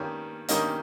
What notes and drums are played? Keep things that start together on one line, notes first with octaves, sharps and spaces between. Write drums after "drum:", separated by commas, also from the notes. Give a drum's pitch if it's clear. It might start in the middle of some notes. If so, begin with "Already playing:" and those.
Already playing: G2 D#3 G3 A#3 C#4
G2 D#3 G3 A#3 C#4 D#5, drum: hi-hat